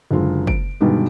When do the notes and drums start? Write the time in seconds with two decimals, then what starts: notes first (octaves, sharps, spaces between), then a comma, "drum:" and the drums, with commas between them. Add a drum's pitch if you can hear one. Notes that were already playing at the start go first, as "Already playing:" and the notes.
0.11 F#1 D3 G#3 F4
0.47 D7, drum: kick
0.80 G2 B2 D3 D#3 G3 G#3